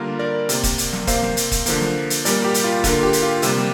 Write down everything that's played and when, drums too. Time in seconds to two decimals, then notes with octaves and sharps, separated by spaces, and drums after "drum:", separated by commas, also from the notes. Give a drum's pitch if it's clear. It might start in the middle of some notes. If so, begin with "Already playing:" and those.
Already playing: D3 G3 A#3 F4 A#4
0.19 A#4 D5
0.49 C3 A#3, drum: hi-hat
0.63 drum: kick, hi-hat
0.78 drum: hi-hat
0.93 drum: snare
1.07 C3 A#3 C5 F5, drum: kick, hi-hat
1.22 drum: snare
1.37 drum: hi-hat
1.51 drum: kick, hi-hat
1.66 D3 F3 A#3, drum: hi-hat
1.81 drum: snare
2.10 drum: hi-hat
2.25 A#2 G3 A#3 A#4 D5, drum: hi-hat
2.44 G4
2.54 drum: hi-hat
2.64 F4
2.84 D3 A#3 F4 A#4, drum: kick, hi-hat
3.03 G4
3.13 drum: hi-hat
3.23 F4
3.42 C3 G3 A#3 G4, drum: hi-hat
3.57 drum: snare